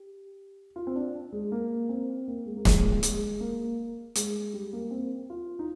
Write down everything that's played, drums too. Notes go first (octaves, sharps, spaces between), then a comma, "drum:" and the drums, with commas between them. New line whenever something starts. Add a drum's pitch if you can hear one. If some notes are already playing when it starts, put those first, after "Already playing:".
Already playing: G4
F4
C4
D4
G#3
A#3
C4
A#3
G#3
A#3
G#3, drum: snare
G#3
G#3, drum: hi-hat
A#3
G#3, drum: hi-hat
G3
A#3
C4
F4
D#4